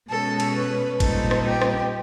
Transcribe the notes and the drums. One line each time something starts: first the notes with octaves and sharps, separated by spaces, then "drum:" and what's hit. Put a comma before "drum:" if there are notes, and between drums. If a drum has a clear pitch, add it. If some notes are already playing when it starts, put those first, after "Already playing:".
B2 G#3 C#4 A4
drum: cymbal
B4
A#2 G3 C4 D#4 A4, drum: kick, cymbal
drum: rim click
G4
drum: rim click